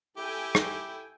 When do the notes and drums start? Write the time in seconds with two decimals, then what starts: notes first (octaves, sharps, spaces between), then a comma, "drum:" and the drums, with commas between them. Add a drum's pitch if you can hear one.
0.17 E4 G4 A4 G5 G#5
0.55 drum: rim click